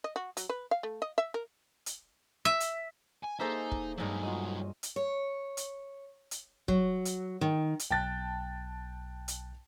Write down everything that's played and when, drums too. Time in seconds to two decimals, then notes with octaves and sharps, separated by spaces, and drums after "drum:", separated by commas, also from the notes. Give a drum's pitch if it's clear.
0.04 D#5
0.16 F#4
0.37 F#3, drum: hi-hat
0.49 B4
0.71 F5
0.83 A3
1.02 D#5
1.18 E5
1.34 A#4
1.86 drum: hi-hat
2.45 E5
2.60 drum: hi-hat
3.23 G#5
3.39 A#3 D#4 G#4 A4 C5 E5
3.72 drum: kick
3.98 G2 F#3 G#3 A3 D#4
4.23 F4 F#4 D#5
4.83 drum: hi-hat
4.96 C#5
5.57 drum: hi-hat
6.31 drum: hi-hat
6.68 F#3, drum: kick
7.05 drum: hi-hat
7.41 D#3
7.79 drum: hi-hat
7.90 B1 G5 A5 F#6 A6
9.28 drum: hi-hat